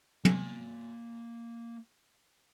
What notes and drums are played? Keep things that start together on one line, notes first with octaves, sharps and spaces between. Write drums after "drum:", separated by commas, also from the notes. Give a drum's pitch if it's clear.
A#3 G#5, drum: tom